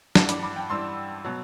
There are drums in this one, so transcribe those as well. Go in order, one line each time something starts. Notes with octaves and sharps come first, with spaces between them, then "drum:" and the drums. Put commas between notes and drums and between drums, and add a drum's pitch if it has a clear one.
G2 E3 G3 F#5 A5, drum: snare
B5 D6, drum: hi-hat
B5 D6
G5
G2 E3 G3 C6 E6
B2 F#3